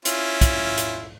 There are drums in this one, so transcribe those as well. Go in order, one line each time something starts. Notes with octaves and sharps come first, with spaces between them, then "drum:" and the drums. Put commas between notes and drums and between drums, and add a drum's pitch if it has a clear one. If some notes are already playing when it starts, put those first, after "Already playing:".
C#4 E4 F4, drum: hi-hat
drum: kick, hi-hat
drum: hi-hat